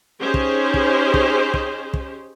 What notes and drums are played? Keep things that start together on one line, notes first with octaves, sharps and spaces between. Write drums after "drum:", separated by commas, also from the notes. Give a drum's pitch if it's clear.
C#4 D#4 G4 G#4 C5
drum: kick
drum: kick
drum: kick
drum: kick
drum: kick